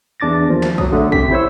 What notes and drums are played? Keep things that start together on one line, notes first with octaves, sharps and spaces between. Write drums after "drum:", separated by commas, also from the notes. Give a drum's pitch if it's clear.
E2 D4 D6 A6 A#6
D#2 F3
drum: snare
F#3 D#6, drum: kick
D3 A3
C3 G4 B6, drum: kick
E4 C5 C#5 E6